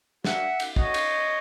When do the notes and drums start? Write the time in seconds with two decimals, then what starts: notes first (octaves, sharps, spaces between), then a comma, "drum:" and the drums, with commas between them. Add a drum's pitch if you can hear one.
0.24 A#3 D4 F#4 E5 F#5, drum: snare
0.60 drum: cymbal
0.76 A3 C#4 F#4 C#5 D#5, drum: kick
0.94 drum: cymbal